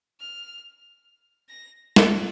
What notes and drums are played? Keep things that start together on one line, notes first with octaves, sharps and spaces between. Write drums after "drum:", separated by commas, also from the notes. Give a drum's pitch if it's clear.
F6
A#6
drum: snare